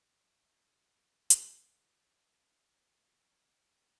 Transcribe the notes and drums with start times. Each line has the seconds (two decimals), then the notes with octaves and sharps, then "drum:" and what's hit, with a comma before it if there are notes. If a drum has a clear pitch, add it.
0.09 F2 D#5
0.38 E5
0.53 F2
0.68 D#5
0.97 C3 F5
1.30 drum: hi-hat
1.42 D#3
1.86 C2
2.31 C2
2.76 B2 G#5